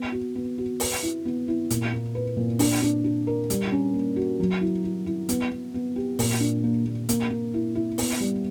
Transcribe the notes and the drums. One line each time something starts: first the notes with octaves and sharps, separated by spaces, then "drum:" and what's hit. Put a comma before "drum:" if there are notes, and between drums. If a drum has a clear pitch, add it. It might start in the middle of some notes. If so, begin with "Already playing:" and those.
Already playing: B3
F#4
B3
F#4
B4, drum: open hi-hat
E4
B3
E4
A#2, drum: hi-hat
A#3
B4
A#2
D4, drum: open hi-hat
D4
D4
A#4
G3, drum: hi-hat
C#4
A#3
F#4
F#3
E4
E4
E4
B3, drum: hi-hat
B3
B3
G4
A#2, drum: open hi-hat
D4
A#3
A#3
A#3, drum: hi-hat
A#3
E4
E4
B3, drum: open hi-hat
G3